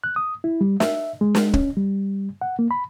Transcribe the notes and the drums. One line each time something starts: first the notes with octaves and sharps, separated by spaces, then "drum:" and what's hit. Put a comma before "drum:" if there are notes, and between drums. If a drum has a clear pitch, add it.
F#6
D#6
E4
G3
E5, drum: snare
G#3
drum: snare
C#4, drum: kick
G3
F#5
A#3
B5